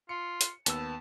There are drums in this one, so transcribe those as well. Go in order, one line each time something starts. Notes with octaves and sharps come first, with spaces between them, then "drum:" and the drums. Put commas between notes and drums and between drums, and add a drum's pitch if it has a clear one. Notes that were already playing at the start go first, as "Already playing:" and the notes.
F4 C#7
drum: hi-hat
D#2 B3 A5 E6, drum: hi-hat